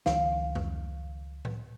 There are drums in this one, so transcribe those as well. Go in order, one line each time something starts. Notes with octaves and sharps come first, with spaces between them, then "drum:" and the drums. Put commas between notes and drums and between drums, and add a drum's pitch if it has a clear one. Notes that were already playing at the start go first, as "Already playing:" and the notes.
C#2 D#3 F3 F5, drum: snare
drum: tom F2
drum: tom A2